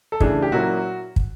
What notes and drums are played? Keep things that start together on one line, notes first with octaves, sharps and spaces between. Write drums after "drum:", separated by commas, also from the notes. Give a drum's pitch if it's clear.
A4
C#3 E3 A3 D4 G#4, drum: kick
G4
A#2 F#3 A#3 C#4 E4 F#4
drum: kick